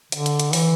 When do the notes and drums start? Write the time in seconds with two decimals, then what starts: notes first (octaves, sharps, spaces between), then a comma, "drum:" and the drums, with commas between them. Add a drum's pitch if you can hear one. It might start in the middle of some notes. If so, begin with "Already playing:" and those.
0.12 D3, drum: hi-hat
0.26 drum: hi-hat
0.40 drum: hi-hat
0.53 E3, drum: open hi-hat